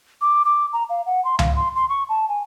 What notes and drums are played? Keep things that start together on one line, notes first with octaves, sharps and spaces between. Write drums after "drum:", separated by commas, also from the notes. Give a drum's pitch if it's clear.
D6
D6
A#5
F5
F#5
C6
F5, drum: tom C#2
C6
C6
C#6
A5
G#5